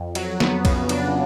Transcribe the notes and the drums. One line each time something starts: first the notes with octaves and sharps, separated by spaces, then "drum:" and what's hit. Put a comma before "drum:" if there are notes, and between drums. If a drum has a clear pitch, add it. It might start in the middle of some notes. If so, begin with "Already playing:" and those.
Already playing: F2
F#3, drum: cymbal
B3, drum: snare
C#3, drum: kick B1, cymbal
D4, drum: cymbal